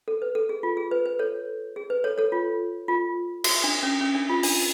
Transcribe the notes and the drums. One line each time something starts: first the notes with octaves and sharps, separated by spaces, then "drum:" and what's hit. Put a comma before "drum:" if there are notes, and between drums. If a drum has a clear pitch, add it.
A4
B4
A4
G#4
F4
G#4
B4
B4
A4 C#5
G#4
B4
A4 C#5
A4 C#5
F4
F4
F#4, drum: cymbal
D4
C#4
C#4
D4
F4
D4, drum: open hi-hat